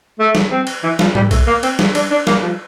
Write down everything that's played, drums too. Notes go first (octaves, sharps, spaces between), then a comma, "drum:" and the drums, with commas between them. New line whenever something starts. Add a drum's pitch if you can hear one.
A3
drum: snare
C4
drum: cymbal
E3
F3, drum: snare
G3, drum: tom G#2
A3, drum: kick B1, cymbal
A#3
C4, drum: cymbal
drum: snare
D4, drum: cymbal
D4
A#3, drum: snare
F3